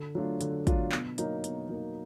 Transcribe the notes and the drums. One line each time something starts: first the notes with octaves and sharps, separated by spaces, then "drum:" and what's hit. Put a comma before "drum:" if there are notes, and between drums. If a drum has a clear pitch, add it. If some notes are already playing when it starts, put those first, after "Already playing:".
Already playing: D3
F#3 A3 D4 F4
D3, drum: hi-hat
F#3 A3 D4 F4, drum: kick, hi-hat
B2, drum: clap
F#3 A#3 D#4, drum: hi-hat
B2, drum: hi-hat
F#3 A#3 D#4